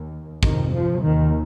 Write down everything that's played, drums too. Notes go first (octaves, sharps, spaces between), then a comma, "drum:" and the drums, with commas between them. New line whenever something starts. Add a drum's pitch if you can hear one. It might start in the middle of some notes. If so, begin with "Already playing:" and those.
Already playing: D#2
F2 C3 D#3, drum: kick
F3
D#2 D#3